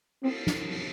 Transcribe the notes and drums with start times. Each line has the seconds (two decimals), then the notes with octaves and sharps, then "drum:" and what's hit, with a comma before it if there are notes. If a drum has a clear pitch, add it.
0.23 C4, drum: cymbal
0.47 drum: snare
0.70 drum: cymbal